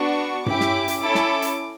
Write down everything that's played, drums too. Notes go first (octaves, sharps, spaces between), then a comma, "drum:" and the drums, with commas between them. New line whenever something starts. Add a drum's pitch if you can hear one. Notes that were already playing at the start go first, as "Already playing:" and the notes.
Already playing: B3 D4 F#4 C#6
C#4 E4 G4 D6, drum: tom G2
drum: snare
drum: hi-hat
C#4 E4 A4 D6
drum: snare
drum: hi-hat